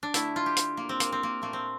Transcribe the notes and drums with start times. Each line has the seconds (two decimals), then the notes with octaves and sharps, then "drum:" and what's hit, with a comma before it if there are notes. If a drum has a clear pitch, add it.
0.03 D4
0.14 D3 A3 E4, drum: hi-hat
0.36 F4
0.46 G4
0.57 drum: hi-hat
0.77 A#3
0.89 C4
1.00 A#3, drum: hi-hat
1.12 C4
1.23 A#3
1.42 A#2 A3 A#3
1.53 C4